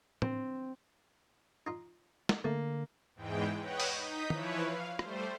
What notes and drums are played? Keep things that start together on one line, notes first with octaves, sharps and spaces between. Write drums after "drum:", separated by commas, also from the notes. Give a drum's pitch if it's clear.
C4, drum: tom
D#4 F4
drum: snare
D3 A3 A#3
E2 G#2 E3 G#3 G5
B4 C#5 D#5 F#5 G5
drum: open hi-hat
D#4 D#6 G6 B6
E3 F3 E4 B4 C#5, drum: tom
F5
G3 A3 C5, drum: rim click